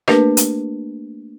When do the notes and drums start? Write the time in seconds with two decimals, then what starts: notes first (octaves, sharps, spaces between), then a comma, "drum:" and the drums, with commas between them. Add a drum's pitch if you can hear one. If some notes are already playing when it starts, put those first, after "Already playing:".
0.08 A3 A#3 D4 G4 A#4 B4, drum: rim click
0.37 drum: hi-hat